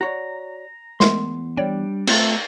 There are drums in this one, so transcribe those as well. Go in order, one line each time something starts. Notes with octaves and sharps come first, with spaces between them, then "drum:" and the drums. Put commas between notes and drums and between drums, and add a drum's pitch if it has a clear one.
F#4 C#5 D5 A#5
E2 G#3 A3 A#4 C6, drum: snare
G3 D4 C#5 D5 G5
A3 C4 F4 E5 A#5 E6, drum: cymbal